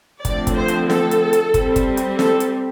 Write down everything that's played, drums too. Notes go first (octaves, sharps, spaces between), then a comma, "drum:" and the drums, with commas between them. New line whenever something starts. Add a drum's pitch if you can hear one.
D3 F3 A3 C4 D5, drum: kick, hi-hat
drum: kick, hi-hat
C5
drum: hi-hat
A4, drum: snare
drum: hi-hat
drum: hi-hat
G3 C4, drum: kick, hi-hat
drum: kick, hi-hat
drum: hi-hat
A4, drum: snare
drum: hi-hat